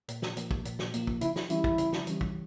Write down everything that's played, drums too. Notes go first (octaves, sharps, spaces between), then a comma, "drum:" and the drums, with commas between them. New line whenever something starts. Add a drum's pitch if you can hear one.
A#2, drum: hi-hat
drum: snare
F3 A#3, drum: hi-hat
drum: kick
A#2, drum: hi-hat
drum: snare
F3 A#3, drum: hi-hat
drum: kick
C#3 E4, drum: hi-hat
drum: snare
E3 G3 C#4 E4, drum: hi-hat
drum: kick
C#3, drum: hi-hat
drum: snare
E3 G3 C#4, drum: hi-hat
drum: kick